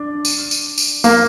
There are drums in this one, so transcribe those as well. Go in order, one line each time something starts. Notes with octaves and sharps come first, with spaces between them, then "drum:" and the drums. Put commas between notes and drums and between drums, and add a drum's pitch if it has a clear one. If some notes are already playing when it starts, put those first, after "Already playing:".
Already playing: D4
drum: tambourine
drum: tambourine
drum: tambourine
A#3, drum: tambourine